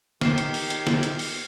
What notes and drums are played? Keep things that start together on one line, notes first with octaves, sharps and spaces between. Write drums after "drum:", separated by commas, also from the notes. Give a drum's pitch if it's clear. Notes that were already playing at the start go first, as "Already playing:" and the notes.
D#3 G4 F6 C7 E7, drum: snare
drum: hi-hat
drum: open hi-hat
drum: hi-hat
drum: snare
drum: hi-hat
drum: open hi-hat